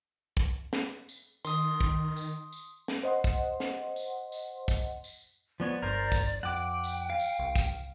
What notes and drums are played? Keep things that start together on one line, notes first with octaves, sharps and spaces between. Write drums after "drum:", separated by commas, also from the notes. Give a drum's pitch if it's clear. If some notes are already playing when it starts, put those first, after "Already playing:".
drum: kick
drum: snare
drum: tambourine
D#3 C6 D#6, drum: tambourine
drum: kick
drum: tambourine
drum: tambourine
drum: snare
C5 D#5 F#5 C6
drum: kick, tambourine
drum: snare
drum: tambourine
drum: tambourine
drum: kick, tambourine
drum: tambourine
F3 B3 C#5 D5
G1 G2 A#4 C5
drum: kick, tambourine
F2 F#5 G5 D6
drum: tambourine
F5
drum: tambourine
C2
drum: kick, tambourine